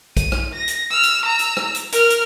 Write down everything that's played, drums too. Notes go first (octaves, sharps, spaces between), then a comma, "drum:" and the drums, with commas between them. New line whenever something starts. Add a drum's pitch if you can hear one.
D#7, drum: kick, hi-hat
drum: rim click
A#6
drum: hi-hat
E6 F6
drum: hi-hat
A#5 E6
drum: hi-hat
drum: rim click
drum: hi-hat
A#4 F6, drum: hi-hat
drum: hi-hat